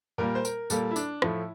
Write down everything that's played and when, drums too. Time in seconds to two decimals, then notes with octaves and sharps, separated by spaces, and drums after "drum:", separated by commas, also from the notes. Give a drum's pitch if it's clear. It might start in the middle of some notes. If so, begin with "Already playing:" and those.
0.18 A#2 G3 A#3 A#4
0.35 C5
0.45 A#4, drum: tambourine
0.70 A#2 G3 A#3 A4, drum: tambourine
0.91 E4
0.96 D4, drum: tambourine
1.22 A2 F3 A3 E4, drum: rim click